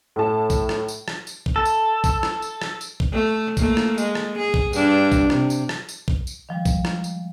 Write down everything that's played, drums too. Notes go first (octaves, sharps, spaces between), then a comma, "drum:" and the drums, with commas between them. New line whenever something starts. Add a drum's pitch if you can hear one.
A2 A5
drum: kick, tambourine
drum: rim click
drum: tambourine
drum: rim click
drum: tambourine
drum: kick
A4
drum: tambourine
drum: kick, tambourine
drum: rim click
drum: tambourine
drum: rim click
drum: tambourine
drum: kick
A3
A3 A#3, drum: kick, tambourine
drum: rim click
G#3, drum: tambourine
drum: rim click
G#4
drum: kick
G2 D4, drum: tambourine
drum: kick, tambourine
C3, drum: rim click
drum: tambourine
drum: rim click
drum: tambourine
drum: kick
drum: tambourine
D#3 F3 G3 G#3
drum: kick, tambourine
drum: rim click
drum: tambourine